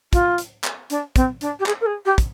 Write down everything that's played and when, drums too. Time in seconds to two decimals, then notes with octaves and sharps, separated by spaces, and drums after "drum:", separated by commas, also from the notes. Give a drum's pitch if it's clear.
0.13 F4, drum: kick, hi-hat
0.38 drum: hi-hat
0.64 drum: clap
0.90 D4, drum: hi-hat
1.16 C4, drum: kick, hi-hat
1.41 D4, drum: hi-hat
1.59 G4
1.66 G#4, drum: clap
1.81 A#4
1.86 G#4
2.05 G4
2.18 drum: kick, hi-hat